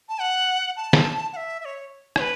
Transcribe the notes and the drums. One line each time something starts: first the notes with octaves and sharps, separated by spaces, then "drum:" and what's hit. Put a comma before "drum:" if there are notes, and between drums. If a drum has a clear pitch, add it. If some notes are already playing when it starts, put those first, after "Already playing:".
A5
F#5
A5
drum: snare
F#5
E5
E5
C#5
C#5, drum: rim click
B4